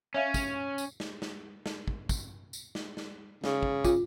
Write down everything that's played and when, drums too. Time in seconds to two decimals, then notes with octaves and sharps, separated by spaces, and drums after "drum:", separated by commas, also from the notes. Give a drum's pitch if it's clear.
0.14 C#4 C#5 E5 F5
0.34 drum: kick, tambourine
0.78 drum: tambourine
1.00 drum: snare
1.22 drum: snare
1.66 drum: snare
1.88 drum: kick
2.09 drum: kick, tambourine
2.53 drum: tambourine
2.75 drum: snare
2.97 drum: snare
3.44 C#3, drum: snare
3.63 drum: kick
3.84 F4, drum: kick, tambourine